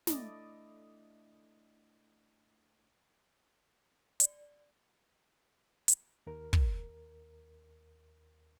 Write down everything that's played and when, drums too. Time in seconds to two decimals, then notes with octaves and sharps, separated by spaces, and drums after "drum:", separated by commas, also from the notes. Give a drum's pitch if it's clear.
0.07 A3 D4 E4 D5 D#5, drum: snare
4.20 D5, drum: hi-hat
5.88 drum: hi-hat
6.27 D#2 A#4
6.53 drum: kick